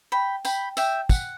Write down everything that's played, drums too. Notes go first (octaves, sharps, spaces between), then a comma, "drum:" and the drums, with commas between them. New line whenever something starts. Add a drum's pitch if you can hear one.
G5 B5
G5 B5, drum: tambourine
E5 G5, drum: tambourine
F#5, drum: kick, tambourine